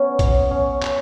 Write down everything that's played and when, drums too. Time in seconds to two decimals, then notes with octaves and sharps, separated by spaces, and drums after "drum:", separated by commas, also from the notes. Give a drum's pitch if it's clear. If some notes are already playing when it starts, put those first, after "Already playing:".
Already playing: B3 C#4
0.19 drum: kick A#1, hi-hat
0.51 C#4
0.83 drum: clap